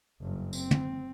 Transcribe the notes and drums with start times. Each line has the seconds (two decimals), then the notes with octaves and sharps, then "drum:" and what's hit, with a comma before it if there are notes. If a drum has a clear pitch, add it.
0.21 F#1 G2
0.53 C4, drum: tambourine
0.71 drum: tom